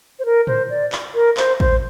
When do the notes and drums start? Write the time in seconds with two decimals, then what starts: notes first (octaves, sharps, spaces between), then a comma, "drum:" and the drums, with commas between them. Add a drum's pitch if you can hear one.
0.19 C5
0.25 A#4
0.47 C5, drum: tom A2
0.70 D5
0.92 drum: clap
1.15 A#4
1.37 C5, drum: clap
1.60 C5, drum: kick A1